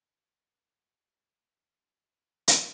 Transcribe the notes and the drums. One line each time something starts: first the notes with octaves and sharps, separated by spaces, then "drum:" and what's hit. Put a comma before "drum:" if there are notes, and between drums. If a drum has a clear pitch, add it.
A4 B4 D6 C7 C#7
drum: hi-hat